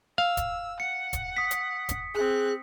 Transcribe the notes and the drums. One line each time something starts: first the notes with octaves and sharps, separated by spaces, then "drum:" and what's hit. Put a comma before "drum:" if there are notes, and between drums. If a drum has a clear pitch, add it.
F5 E6
drum: kick, hi-hat
F#5 C#7
drum: kick, hi-hat
D#6 B6
drum: hi-hat
drum: kick, hi-hat
C4 G#4 F#6